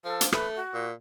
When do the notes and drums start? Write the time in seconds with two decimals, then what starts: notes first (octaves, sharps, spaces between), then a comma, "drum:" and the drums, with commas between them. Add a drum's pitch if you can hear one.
0.05 F3 A4
0.21 drum: hi-hat
0.32 A3 B4, drum: rim click
0.56 F#4
0.74 A#2